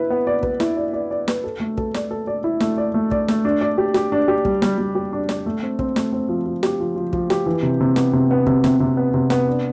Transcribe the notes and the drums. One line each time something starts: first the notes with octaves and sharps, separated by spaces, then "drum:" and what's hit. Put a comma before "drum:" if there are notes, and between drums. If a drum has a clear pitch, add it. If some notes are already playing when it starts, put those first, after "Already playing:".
Already playing: E4 B4
B3
D5
B4, drum: kick
E4, drum: snare
D5
D5
D5
B4, drum: snare
A4
A3
A4, drum: kick
D5, drum: snare
A4
D5
E4
A3, drum: snare
D5
A3
D5, drum: kick
A3, drum: snare
D4
D5
G4
G4, drum: snare
D4
G4
G3, drum: kick
G3, drum: snare
G3
G4
D4
D5, drum: snare
A3
C4
C4, drum: kick
A3, drum: snare
C4
F3
F3
G4, drum: snare
F3
F3
F3, drum: kick
G4, drum: snare
E3
C3
C3
B3, drum: snare
C3
B3
C3, drum: kick
C3, drum: snare
C3
B3
C3
B3, drum: snare
D4